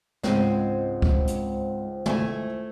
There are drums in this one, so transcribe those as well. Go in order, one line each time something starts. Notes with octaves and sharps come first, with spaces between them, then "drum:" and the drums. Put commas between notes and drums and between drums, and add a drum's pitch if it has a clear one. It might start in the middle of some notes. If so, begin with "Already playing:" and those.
C#2 G#2 G#3 C4 C5, drum: snare
drum: kick C#2
drum: hi-hat
A3 E4 G#5, drum: tom